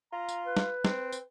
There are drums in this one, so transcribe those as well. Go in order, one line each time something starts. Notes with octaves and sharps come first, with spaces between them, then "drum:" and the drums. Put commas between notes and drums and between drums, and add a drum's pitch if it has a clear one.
F4 A#5
drum: tambourine
B4
drum: snare
C4, drum: snare
drum: tambourine